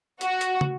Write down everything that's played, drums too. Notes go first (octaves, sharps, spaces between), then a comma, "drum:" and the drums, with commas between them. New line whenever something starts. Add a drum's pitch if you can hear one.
F#4, drum: hi-hat
drum: hi-hat
drum: tom